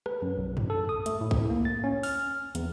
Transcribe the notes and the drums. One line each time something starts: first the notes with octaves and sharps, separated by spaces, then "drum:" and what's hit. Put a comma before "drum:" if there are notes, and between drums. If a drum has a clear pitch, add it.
B4, drum: rim click
F#2
B1
drum: tom
A4
D#6
A3, drum: hi-hat
A2
drum: kick
A#3
A6
C#4
F6, drum: open hi-hat
E2, drum: hi-hat